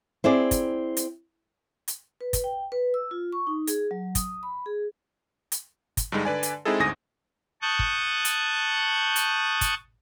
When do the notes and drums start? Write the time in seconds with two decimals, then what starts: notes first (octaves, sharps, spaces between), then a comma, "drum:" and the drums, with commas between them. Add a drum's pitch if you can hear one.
0.24 C4 E4 G#4 D5
0.51 drum: kick, hi-hat
0.97 drum: hi-hat
1.88 drum: hi-hat
2.21 B4
2.33 drum: kick, hi-hat
2.44 G5
2.72 B4
2.94 E6
3.11 F4
3.33 C#6
3.47 D#4
3.67 G#4, drum: hi-hat
3.91 F#3
4.15 D#6, drum: kick, hi-hat
4.43 B5
4.66 G#4
5.52 drum: hi-hat
5.97 drum: kick, hi-hat
6.12 G2 D3 G3 G#3 D#4
6.25 D3 B4 D5 G#5
6.43 drum: hi-hat
6.65 G#3 C4 D#4 E4 G#4 A4
6.79 G1 D2 G#2 G#5 D#6 A#6
7.62 A5 C#6 D#6 F#6 G6
7.79 drum: kick
8.25 drum: hi-hat
9.16 drum: hi-hat
9.61 drum: kick, hi-hat